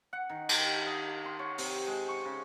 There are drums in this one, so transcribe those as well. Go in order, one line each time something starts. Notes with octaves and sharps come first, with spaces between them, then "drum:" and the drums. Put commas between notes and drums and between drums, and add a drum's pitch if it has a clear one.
F#5
D#3
G4, drum: cymbal
D#5
C6
C#5
C3, drum: open hi-hat
G#3
C#6
C#3